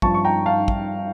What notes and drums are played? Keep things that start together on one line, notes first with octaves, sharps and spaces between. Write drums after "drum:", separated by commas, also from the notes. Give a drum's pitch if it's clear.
G2 F3 A5 C#6, drum: kick
C#6
G5 A#5
F5 A5
drum: kick